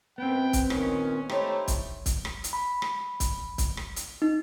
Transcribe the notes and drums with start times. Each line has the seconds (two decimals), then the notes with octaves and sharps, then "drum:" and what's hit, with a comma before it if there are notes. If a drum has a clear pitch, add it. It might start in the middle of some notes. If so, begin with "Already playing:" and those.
0.18 F#2 B3 C4 B4 G5
0.53 drum: kick, hi-hat
0.70 A#2 D#3 C#4 D#5, drum: rim click
1.29 A3 D#4 E4 G4 C5 C#5, drum: rim click
1.68 drum: kick, hi-hat
2.06 drum: kick, hi-hat
2.25 drum: rim click
2.44 drum: hi-hat
2.53 B5
2.82 drum: rim click
3.20 drum: kick, hi-hat
3.58 drum: kick, hi-hat
3.77 drum: rim click
3.96 drum: hi-hat
4.22 D#4